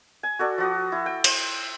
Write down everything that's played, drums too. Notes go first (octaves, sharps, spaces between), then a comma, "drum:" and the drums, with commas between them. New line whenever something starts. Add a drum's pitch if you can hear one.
G#5
F#4 A4 D5
F3 F#4 D#6
E4
G5
C5, drum: cymbal